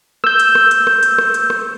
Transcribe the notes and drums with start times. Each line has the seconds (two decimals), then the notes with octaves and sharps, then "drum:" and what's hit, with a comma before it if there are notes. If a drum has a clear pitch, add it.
0.24 E6 G6, drum: rim click
0.40 drum: hi-hat
0.55 drum: rim click
0.71 drum: hi-hat
0.87 drum: rim click
1.03 drum: hi-hat
1.18 drum: rim click
1.34 drum: hi-hat
1.50 drum: rim click